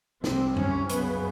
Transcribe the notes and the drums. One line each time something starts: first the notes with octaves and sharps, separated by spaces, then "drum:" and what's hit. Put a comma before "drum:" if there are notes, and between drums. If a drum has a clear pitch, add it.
C2 C3 C4, drum: snare
C#4, drum: tom F#2
F#2 C#3 B3, drum: hi-hat